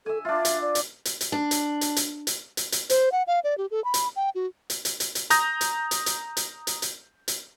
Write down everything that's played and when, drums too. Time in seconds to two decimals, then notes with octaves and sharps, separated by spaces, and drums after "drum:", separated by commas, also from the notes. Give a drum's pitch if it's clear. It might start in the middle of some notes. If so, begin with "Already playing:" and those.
0.06 A4 E5 G#5
0.25 D4 F4 E5
0.45 drum: hi-hat
0.62 D5
0.75 drum: hi-hat
1.05 drum: hi-hat
1.21 drum: hi-hat
1.32 D4
1.51 drum: hi-hat
1.81 drum: hi-hat
1.96 drum: hi-hat
2.27 drum: hi-hat
2.57 drum: hi-hat
2.72 drum: hi-hat
2.90 C5, drum: hi-hat
3.12 F#5
3.27 F5
3.44 D5
3.58 G4
3.71 A4
3.84 B5
3.94 drum: hi-hat
4.16 G5
4.35 F#4
4.70 drum: hi-hat
4.85 drum: hi-hat
5.00 drum: hi-hat
5.15 drum: hi-hat
5.30 A#5 D#6 G6 A#6, drum: hi-hat
5.61 drum: hi-hat
5.91 drum: hi-hat
6.06 drum: hi-hat
6.37 drum: hi-hat
6.67 drum: hi-hat
6.82 drum: hi-hat
7.28 drum: hi-hat